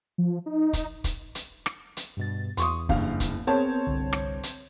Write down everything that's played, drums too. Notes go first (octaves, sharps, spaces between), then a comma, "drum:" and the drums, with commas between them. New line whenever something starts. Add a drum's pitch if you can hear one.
F3
D#4
drum: kick, hi-hat
drum: kick, hi-hat
drum: hi-hat
drum: rim click
drum: hi-hat
G2 B2 A6
E2 C6 C#6 D#6, drum: hi-hat
F#1 G2 F5, drum: kick, open hi-hat
drum: kick, hi-hat
B3 C4 G#4 A#4 C#5 A5
G1 C2 D3
drum: rim click
drum: hi-hat